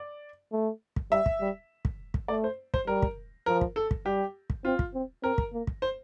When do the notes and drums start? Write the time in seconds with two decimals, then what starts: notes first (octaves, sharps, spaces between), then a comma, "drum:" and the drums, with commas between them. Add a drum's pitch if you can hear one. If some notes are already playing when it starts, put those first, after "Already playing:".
Already playing: D5
0.52 A3
0.96 drum: kick
1.11 G3 E5
1.26 drum: kick
1.41 G3
1.85 drum: kick
2.14 drum: kick
2.28 A3 D5
2.44 C5
2.74 C5, drum: kick
2.87 G3 A#4
3.02 drum: kick
3.46 F3 A#4
3.61 drum: kick
3.76 A4
3.91 drum: kick
4.06 G3 G4
4.50 drum: kick
4.65 C4 F4
4.79 drum: kick
4.94 C4
5.23 C4 A#4
5.38 drum: kick
5.53 A#3
5.67 drum: kick
5.82 C5